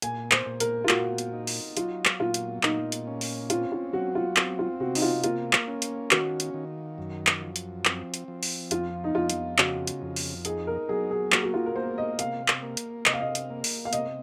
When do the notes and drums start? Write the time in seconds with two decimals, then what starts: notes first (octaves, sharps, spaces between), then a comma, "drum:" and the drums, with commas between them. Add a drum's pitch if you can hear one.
0.02 A#2 G#5, drum: hi-hat
0.31 C5, drum: clap
0.46 A#2
0.60 A#4, drum: hi-hat
0.84 F4
0.89 A#2 F#4, drum: clap
1.18 drum: hi-hat
1.33 D#4
1.47 drum: open hi-hat
1.77 F#3 F4, drum: hi-hat
2.05 drum: clap
2.20 A#2 F4
2.34 drum: hi-hat
2.63 A#2 D#4, drum: clap
2.92 drum: hi-hat
3.07 C#4
3.21 drum: open hi-hat
3.50 C4 F4, drum: hi-hat
3.72 F4
3.93 F#3 F#4
4.15 F4
4.36 C4, drum: clap
4.59 F4
4.80 C3 F#4
4.95 D#4, drum: open hi-hat
5.02 F4
5.24 A#3 F4, drum: hi-hat
5.53 drum: clap
5.68 C#4
5.82 drum: hi-hat
6.11 D#3 F#4, drum: clap
6.40 drum: hi-hat
6.54 D#3
6.98 F#2
7.27 drum: clap
7.41 F3
7.56 drum: hi-hat
7.85 C4, drum: clap
8.14 drum: hi-hat
8.28 F3
8.43 drum: open hi-hat
8.71 F2 F4, drum: hi-hat
9.04 D#4
9.15 F2 F4
9.30 drum: hi-hat
9.58 C#3 F#4, drum: clap
9.87 drum: hi-hat
10.02 F2
10.16 drum: open hi-hat
10.45 D#4 G#4, drum: hi-hat
10.67 A#4
10.89 F#3 G#4
11.11 G#4
11.32 A#3 F#4, drum: clap
11.43 F#4
11.54 F4
11.66 A#4
11.76 A#3 C5
11.98 D#5
12.19 C3 F5, drum: hi-hat
12.48 drum: clap
12.63 A#3
12.77 drum: hi-hat
13.06 C3 D#5, drum: clap
13.13 F5
13.21 D#5
13.35 drum: hi-hat
13.50 A#3
13.64 drum: open hi-hat
13.85 F5
13.93 C3 D#5, drum: hi-hat